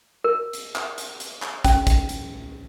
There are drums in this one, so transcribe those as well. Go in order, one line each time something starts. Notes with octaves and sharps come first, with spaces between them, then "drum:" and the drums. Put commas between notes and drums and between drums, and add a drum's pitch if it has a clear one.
A#4
drum: hi-hat
drum: clap
drum: hi-hat
drum: hi-hat
drum: clap
C#4, drum: kick, hi-hat
drum: kick, hi-hat
drum: hi-hat